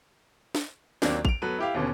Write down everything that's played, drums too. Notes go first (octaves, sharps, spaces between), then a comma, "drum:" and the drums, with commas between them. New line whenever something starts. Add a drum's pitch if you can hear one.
drum: snare
D#2 F#3 A#3 C4 D4, drum: snare
D7 F7, drum: kick A1
F#3 B3 A4 B4
E4 G4 F5
D#2 B2 D3 C#4